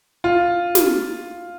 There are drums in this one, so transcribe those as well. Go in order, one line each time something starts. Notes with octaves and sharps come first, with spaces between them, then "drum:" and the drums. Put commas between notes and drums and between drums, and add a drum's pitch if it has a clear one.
F4
drum: snare